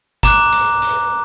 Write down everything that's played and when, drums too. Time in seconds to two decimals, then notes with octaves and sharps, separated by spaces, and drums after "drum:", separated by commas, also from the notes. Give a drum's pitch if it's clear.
0.23 A#5 D6 F#6, drum: kick, hi-hat
0.52 drum: hi-hat
0.82 drum: hi-hat